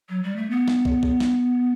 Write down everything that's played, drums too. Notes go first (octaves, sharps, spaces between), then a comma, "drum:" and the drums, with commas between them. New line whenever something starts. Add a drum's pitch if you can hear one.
F#3
G3
A3
B3
drum: snare
drum: kick
drum: kick
drum: snare